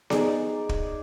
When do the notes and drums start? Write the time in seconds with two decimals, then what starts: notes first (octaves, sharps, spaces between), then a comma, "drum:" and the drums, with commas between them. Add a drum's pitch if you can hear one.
0.10 D#4 G#4 D5, drum: snare B3
0.69 drum: kick